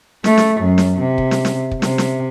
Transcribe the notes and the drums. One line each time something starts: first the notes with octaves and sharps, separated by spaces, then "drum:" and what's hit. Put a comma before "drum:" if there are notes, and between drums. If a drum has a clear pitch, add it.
A3, drum: snare
drum: snare
F#2
drum: snare
C3
drum: kick
drum: snare
drum: snare
drum: kick
C3, drum: snare
drum: snare